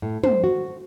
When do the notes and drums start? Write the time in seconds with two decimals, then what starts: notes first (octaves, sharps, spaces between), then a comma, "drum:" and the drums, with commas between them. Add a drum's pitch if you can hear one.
0.02 A2
0.24 C5, drum: tom
0.44 F#4